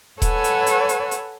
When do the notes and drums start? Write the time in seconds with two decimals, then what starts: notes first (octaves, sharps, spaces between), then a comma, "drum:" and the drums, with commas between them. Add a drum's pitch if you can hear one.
0.22 A4 B4 C#5 F#5 G#5 E6, drum: kick D#1, hi-hat
0.44 drum: hi-hat
0.66 drum: hi-hat
0.89 drum: hi-hat
1.11 drum: hi-hat